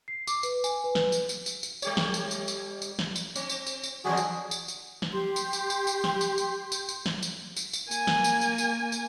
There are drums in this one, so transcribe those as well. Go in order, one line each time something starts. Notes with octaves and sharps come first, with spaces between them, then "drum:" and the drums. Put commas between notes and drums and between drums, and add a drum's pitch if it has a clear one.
C7
D6, drum: tambourine
B4, drum: tambourine
G#5, drum: tambourine
B4
drum: snare
drum: tambourine
drum: tambourine
drum: tambourine
drum: tambourine
G3 G4 C#5, drum: tambourine
drum: snare
drum: tambourine
drum: tambourine
drum: tambourine
drum: tambourine
drum: snare
drum: tambourine
C4, drum: tambourine
drum: tambourine
drum: tambourine
drum: tambourine
E2 C#3 F#3 F#4 G#4
drum: tambourine
drum: tambourine
drum: tambourine
drum: snare
G4 C6 G6
drum: tambourine
drum: tambourine
drum: tambourine
drum: tambourine
drum: snare
drum: tambourine
drum: tambourine
drum: tambourine
drum: tambourine
drum: snare
drum: tambourine
drum: tambourine
drum: tambourine
A#3 G#5, drum: tambourine
drum: snare
drum: tambourine
drum: tambourine
drum: tambourine
drum: tambourine